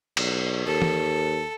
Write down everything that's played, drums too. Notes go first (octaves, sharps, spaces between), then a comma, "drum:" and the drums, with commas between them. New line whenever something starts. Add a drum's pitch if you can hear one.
B1, drum: cymbal
D#2 A4
drum: tom